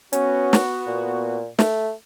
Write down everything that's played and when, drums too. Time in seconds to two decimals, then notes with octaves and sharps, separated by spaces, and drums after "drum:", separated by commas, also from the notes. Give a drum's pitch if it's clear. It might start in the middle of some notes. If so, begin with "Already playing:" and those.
0.13 B3 C#4 F#4, drum: hi-hat
0.53 drum: snare
0.87 A#2
1.59 A3, drum: snare